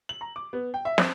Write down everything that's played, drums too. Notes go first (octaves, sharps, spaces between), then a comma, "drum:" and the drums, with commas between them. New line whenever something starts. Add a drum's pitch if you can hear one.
F#7
A#5
D6
B3
G5
E5
C4, drum: snare